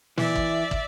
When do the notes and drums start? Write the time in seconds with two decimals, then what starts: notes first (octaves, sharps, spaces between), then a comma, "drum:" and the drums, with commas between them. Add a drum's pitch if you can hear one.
0.18 E3 D5 E5, drum: snare
0.35 drum: kick
0.71 drum: kick